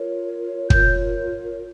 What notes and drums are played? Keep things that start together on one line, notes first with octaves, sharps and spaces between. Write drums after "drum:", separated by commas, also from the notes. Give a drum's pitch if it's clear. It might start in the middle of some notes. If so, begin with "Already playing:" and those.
Already playing: F4 A#4 C#5
F4 A#4 C#5 G6, drum: kick